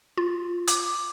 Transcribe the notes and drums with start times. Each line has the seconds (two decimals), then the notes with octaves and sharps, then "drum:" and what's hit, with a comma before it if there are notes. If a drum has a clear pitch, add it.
0.17 F4
0.67 D6, drum: hi-hat